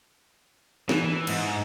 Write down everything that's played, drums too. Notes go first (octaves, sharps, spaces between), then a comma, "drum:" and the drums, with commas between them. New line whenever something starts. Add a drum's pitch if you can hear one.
E3, drum: snare
G#2, drum: cymbal